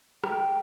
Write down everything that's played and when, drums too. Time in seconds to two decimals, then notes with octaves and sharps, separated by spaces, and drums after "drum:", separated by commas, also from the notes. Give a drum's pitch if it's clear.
0.24 G5, drum: rim click